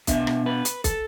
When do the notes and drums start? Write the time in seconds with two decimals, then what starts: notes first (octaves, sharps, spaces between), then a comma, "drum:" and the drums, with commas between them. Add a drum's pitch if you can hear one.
0.07 B2 B3 D4 E5, drum: kick, hi-hat
0.27 drum: rim click
0.46 B4
0.65 drum: hi-hat
0.84 A4, drum: kick, hi-hat